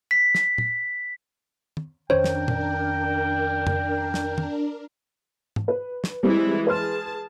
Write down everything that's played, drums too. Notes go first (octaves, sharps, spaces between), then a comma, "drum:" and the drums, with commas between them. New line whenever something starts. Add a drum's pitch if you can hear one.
B6
drum: snare
drum: tom
drum: tom
F2 D#3 C#4 D4 A#4 C5 C#5 G5
drum: snare
drum: tom
drum: tom F2
drum: snare
drum: tom
drum: tom G#2
B4
drum: snare
E3 G3 G#3 C4 E4
G#4 B4 A5 C6 F6